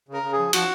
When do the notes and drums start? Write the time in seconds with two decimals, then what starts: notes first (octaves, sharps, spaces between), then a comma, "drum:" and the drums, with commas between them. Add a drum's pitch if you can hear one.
0.08 C#3
0.13 A#4
0.23 C#3
0.33 G#4
0.39 F3
0.53 F3 F#4, drum: cymbal